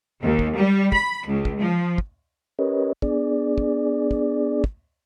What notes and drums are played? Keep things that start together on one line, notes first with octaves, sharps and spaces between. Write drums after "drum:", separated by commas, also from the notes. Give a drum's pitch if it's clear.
D#2
drum: kick
G3
B5, drum: kick
C#2
drum: kick
F3
drum: kick
C#4 G4 A#4 B4 C#5 D#5
B3 D4 G#4 D5, drum: kick
drum: kick
drum: kick
drum: kick